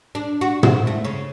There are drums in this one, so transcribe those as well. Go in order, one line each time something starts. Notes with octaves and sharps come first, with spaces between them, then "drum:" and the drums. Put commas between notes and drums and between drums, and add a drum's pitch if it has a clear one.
D4
F#4
C4, drum: tom
A3
C#3